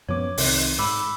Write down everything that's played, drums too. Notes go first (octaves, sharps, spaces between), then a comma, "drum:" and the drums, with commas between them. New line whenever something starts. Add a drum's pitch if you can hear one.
F#2 F3 B3 C#5 D6
C2 C3 D#3, drum: open hi-hat
G#2 B5 D6 E6